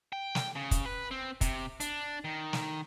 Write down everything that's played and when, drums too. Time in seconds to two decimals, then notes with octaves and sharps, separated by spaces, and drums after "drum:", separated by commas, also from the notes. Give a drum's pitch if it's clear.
0.13 G5
0.35 drum: snare
0.56 C#3
0.71 drum: kick, hi-hat
0.86 B4
1.11 C4
1.41 C3, drum: kick, hi-hat
1.80 D4, drum: hi-hat
2.24 D#3
2.53 drum: snare